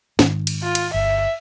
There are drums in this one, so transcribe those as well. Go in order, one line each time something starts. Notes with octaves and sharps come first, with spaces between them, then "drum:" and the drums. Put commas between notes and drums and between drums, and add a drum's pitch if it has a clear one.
G#2 D#3, drum: snare
drum: cymbal
F4
drum: cymbal
G1 E5